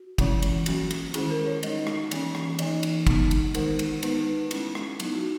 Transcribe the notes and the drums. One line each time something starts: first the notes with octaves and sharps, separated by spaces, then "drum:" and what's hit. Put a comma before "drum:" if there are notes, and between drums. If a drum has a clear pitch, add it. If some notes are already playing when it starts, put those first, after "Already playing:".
Already playing: F#4
E3 G#3 C#4 E4, drum: kick, cymbal
drum: cymbal
F#3 A#3 C#4 F#4, drum: cymbal
drum: cymbal
D#3 G#3 C#4 E4 G#4, drum: cymbal
A#4
C#5
G#3 D#4 D#5, drum: cymbal
drum: rim click
E3 A#3 C#4, drum: cymbal
drum: rim click
E3 A#3 D#4 D#5, drum: cymbal
drum: cymbal
G#3 B3 D#4, drum: kick, cymbal
drum: cymbal
D#3 G#3 D#4 A#4, drum: cymbal
drum: cymbal
G#3 B3 D#4 B4, drum: cymbal
G#3 C#4 E4, drum: cymbal
drum: rim click
F#3 B3 D#4 E4, drum: cymbal
F#4